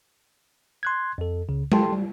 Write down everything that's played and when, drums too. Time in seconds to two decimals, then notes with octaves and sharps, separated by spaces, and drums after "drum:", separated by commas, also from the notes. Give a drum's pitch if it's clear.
0.83 C6 F#6 G#6
1.18 F2 A4
1.48 C#2 C#3
1.72 G4 A4 G5 A5 C6, drum: tom G#3
1.92 G3